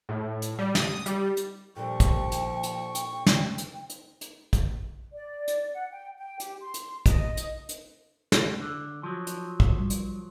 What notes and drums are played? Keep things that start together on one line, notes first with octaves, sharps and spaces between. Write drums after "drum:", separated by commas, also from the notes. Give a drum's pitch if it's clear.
A2
drum: hi-hat
G3
D#6, drum: snare
G3, drum: hi-hat
drum: hi-hat
A#2 D3 F3 G3 G5 C#6
drum: kick, hi-hat
drum: hi-hat
drum: hi-hat
drum: hi-hat
drum: snare
drum: hi-hat
drum: hi-hat
drum: hi-hat
drum: kick, hi-hat
D5
drum: hi-hat
F#5
G5
G5
G4, drum: hi-hat
C6
drum: hi-hat
D#5, drum: kick, hi-hat
drum: hi-hat
drum: hi-hat
drum: snare
D3
F3 F#3
drum: hi-hat
G#2, drum: kick
G3
drum: hi-hat